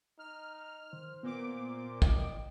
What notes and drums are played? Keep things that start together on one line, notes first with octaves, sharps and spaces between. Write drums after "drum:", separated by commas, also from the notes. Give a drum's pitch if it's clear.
D#4 F6
D#3 C5
A#2 B3 D6
D#5 G5, drum: kick